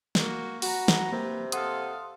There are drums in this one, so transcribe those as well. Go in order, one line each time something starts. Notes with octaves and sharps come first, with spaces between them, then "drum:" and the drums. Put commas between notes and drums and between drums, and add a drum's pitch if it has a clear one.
A#3 F#4, drum: snare
F#4 B4 A#5, drum: open hi-hat
drum: snare
C3 A#3 G4
A4 F5 F#5 C6 D#6, drum: hi-hat